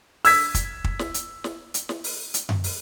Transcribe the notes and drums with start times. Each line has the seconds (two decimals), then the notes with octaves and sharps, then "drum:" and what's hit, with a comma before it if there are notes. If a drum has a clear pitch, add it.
0.25 E6 G#6 B6, drum: open hi-hat
0.55 drum: kick, hi-hat
0.84 drum: kick
0.99 drum: snare
1.14 drum: hi-hat
1.44 drum: snare
1.74 drum: hi-hat
1.89 drum: snare
2.04 drum: open hi-hat
2.34 drum: hi-hat
2.49 drum: tom F#2
2.64 drum: open hi-hat